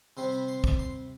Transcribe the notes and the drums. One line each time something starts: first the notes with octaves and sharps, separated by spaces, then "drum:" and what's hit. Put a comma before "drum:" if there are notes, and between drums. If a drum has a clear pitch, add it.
C3 G3 C4 C6
B5
C6
D6, drum: kick
C6